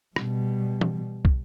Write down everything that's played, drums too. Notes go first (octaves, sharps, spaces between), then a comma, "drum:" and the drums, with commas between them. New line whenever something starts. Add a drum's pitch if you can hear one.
B2 G3, drum: rim click
drum: tom
drum: kick